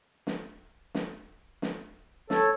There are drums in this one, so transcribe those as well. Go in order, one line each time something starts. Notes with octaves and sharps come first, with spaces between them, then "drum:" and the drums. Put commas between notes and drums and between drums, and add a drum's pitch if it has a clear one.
drum: snare
drum: snare
drum: snare
A4 C#5, drum: snare